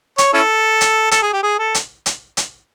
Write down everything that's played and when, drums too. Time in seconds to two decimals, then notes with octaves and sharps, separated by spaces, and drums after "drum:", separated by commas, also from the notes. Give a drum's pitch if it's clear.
0.18 C#5, drum: hi-hat
0.34 C#4 E4 A4
0.81 drum: hi-hat
1.11 A4, drum: hi-hat
1.23 G#4
1.33 G4
1.43 G#4
1.59 A4
1.75 drum: hi-hat
2.06 drum: hi-hat
2.37 drum: hi-hat